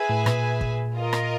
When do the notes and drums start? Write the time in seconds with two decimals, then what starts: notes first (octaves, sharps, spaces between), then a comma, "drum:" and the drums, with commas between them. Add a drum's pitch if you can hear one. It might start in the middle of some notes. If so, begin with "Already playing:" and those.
Already playing: G#4 B4 E5 G#5
0.10 A2
0.26 A#2, drum: rim click
0.61 drum: kick
0.95 F4 A#4 D#5
1.13 drum: rim click